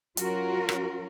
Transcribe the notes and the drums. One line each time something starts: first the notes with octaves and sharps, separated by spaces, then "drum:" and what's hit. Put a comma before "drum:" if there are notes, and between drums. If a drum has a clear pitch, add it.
F#3 C#4 F4 F#4 A#4, drum: hi-hat
drum: rim click